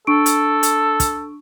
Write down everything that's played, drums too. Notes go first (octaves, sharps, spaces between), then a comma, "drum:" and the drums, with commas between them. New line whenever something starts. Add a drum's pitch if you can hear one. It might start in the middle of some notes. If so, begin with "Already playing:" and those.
D4 A4 C#6 D7
drum: hi-hat
drum: hi-hat
drum: kick, hi-hat